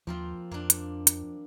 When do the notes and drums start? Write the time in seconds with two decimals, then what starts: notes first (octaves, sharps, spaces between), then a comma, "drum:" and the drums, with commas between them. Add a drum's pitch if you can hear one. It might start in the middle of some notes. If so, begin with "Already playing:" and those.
0.07 D#2 F3 A#3 C4 F4
0.51 F2 A#3 D4
0.70 drum: hi-hat
1.07 drum: hi-hat